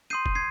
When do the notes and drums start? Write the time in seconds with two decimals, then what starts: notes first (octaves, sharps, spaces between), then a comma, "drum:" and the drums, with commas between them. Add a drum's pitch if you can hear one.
0.10 C6 D#6 G6 C7 D#7
0.26 drum: kick
0.35 G#6 C7